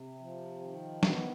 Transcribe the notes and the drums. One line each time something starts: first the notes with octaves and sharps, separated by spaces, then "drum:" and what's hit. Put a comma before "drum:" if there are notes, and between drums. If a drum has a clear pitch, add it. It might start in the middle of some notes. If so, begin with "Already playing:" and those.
Already playing: C3
F3
D#3
B3, drum: snare